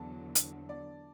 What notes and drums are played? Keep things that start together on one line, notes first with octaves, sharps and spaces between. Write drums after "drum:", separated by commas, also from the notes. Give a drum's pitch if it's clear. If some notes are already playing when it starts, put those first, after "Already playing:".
Already playing: E2 D3 F#3 A5
drum: hi-hat
D5